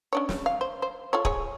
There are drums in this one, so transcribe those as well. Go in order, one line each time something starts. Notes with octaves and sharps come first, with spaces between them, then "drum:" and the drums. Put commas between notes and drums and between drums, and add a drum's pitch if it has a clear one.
C#4 D4 C#5
drum: snare
F5
C5
C5
F4 A4 C#5
G#4 C#5, drum: kick D1